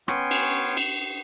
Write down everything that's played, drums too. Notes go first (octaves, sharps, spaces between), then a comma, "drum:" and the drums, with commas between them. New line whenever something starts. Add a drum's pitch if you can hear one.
B3 C#4 G5 G#5 C6 C#6, drum: rim click
drum: cymbal
drum: cymbal